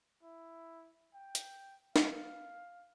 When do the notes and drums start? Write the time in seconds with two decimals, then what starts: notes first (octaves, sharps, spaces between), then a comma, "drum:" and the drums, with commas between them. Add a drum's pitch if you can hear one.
0.23 E4
1.14 G5
1.35 drum: hi-hat
1.96 F5, drum: snare